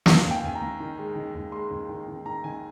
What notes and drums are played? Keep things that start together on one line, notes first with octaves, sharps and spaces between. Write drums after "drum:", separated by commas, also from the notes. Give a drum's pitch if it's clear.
D#2 F5, drum: snare
D#2
G5
D#2 G#5
A#5
D#2
D#3
G#3
D#3
D#2
G#3 C6
D#2
D#3
D#3
D#3 A#5
D#3 G#5